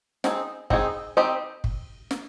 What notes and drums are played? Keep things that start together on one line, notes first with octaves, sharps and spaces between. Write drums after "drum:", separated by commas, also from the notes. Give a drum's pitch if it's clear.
C4 D#4 G#4, drum: snare
C4 D#4 G#4, drum: kick
C4 D#4 G4 C5 D#5
drum: kick
drum: snare